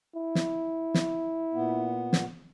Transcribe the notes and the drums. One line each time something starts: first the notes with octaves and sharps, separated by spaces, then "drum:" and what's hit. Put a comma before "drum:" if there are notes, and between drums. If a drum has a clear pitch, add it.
E4
drum: snare
drum: snare
A#2 B3
drum: snare